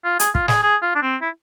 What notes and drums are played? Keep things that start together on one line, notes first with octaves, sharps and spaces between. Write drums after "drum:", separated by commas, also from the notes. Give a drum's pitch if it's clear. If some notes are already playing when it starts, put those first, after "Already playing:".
F4
G#4, drum: hi-hat
F4, drum: kick
G#4, drum: snare
G#4
F4
D4
C4
E4